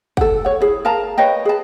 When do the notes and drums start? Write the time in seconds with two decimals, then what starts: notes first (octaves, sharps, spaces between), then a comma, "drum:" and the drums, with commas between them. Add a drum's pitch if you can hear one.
0.17 A4 F#5, drum: kick
0.45 C#5 F#5
0.60 E4 G#4
0.85 A#4 F5 A5 A#5
1.18 B4 C#5 D#5 G5
1.45 G#4 B4 A5